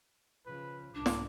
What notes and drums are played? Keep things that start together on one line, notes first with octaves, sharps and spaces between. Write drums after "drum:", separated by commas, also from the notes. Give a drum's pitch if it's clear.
C#3 F3 B4
C2 G#2 D4 D6
drum: snare